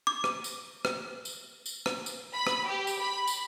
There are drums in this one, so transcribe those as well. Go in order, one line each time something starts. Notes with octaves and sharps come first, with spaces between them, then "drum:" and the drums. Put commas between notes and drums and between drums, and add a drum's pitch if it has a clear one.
D6
drum: rim click
drum: tambourine
drum: rim click
drum: tambourine
drum: tambourine
drum: rim click
drum: tambourine
B5
drum: rim click
G4
drum: tambourine
B5
drum: tambourine